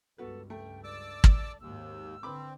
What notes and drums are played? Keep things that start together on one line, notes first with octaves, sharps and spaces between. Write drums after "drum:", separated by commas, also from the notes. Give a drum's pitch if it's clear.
C#2 G2 B3 F#4 A4 B4
A3 G5
D5 A5 D6 E6
drum: kick
G#1 D#2 G#2 E6
D3 C4 B4 B5 D6